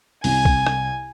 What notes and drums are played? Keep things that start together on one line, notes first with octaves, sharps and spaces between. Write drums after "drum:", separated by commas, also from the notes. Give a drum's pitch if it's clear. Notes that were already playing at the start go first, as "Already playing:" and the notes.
C2 G#5, drum: open hi-hat
drum: kick
drum: rim click